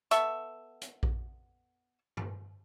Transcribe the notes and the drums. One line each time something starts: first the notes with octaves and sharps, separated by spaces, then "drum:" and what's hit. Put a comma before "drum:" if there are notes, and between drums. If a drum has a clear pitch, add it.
B3 A4 E5 C#6, drum: hi-hat
drum: hi-hat
drum: kick A#1
drum: tom G2